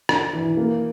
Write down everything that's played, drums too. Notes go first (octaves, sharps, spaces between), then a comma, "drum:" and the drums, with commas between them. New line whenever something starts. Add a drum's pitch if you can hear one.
D4, drum: rim click
E3
A#3